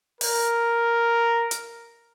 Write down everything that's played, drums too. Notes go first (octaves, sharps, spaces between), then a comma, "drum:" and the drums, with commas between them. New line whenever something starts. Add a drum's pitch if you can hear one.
A#4, drum: open hi-hat
drum: hi-hat